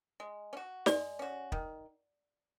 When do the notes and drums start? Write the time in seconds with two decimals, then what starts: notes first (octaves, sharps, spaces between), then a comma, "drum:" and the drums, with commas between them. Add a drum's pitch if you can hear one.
0.20 G#3
0.53 C#4
0.57 F#4
0.86 G#3 D5, drum: snare
1.19 C#4 F#4
1.52 D#3, drum: kick